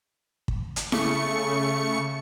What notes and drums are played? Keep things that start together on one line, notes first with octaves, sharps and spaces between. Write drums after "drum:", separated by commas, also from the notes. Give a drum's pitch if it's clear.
drum: kick
drum: hi-hat
C#3 A3 C#6 C#7, drum: snare E4